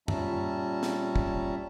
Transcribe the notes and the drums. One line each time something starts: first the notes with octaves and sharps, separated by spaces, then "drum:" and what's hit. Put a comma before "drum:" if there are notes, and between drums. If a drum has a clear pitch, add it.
A#2 G3 C#4 E5 A5 A#5, drum: tom
drum: snare C4
drum: kick